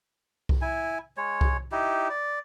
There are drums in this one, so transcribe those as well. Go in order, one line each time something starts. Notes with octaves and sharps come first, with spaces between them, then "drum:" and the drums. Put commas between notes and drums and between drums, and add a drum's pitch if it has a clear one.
drum: kick C2
E4 G#5
G#3 C#5
drum: kick C2
D#4 E4 G4
D5